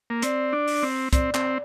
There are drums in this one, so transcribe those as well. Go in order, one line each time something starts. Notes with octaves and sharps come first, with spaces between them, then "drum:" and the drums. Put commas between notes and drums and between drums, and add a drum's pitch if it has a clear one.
A#3
C4 D5, drum: hi-hat
D4
drum: open hi-hat
C4
C4 D5, drum: kick, hi-hat
C4, drum: clap